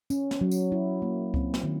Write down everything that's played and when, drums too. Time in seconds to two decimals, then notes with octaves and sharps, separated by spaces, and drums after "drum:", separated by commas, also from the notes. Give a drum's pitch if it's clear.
0.10 C#4, drum: tambourine
0.31 drum: snare
0.41 F#3
0.51 drum: tambourine
0.72 E4
1.02 A#3
1.34 C4, drum: kick C#2
1.54 drum: snare
1.64 D#3